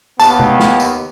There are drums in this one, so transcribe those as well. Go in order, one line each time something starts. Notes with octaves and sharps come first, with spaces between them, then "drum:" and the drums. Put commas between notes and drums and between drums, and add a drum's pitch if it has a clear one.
D#2 B3 A5, drum: tambourine
drum: tom C3
drum: snare
drum: tambourine